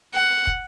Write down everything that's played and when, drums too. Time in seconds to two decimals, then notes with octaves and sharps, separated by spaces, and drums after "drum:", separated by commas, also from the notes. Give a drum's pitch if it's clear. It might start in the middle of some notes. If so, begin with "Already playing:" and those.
0.14 F#5
0.47 drum: kick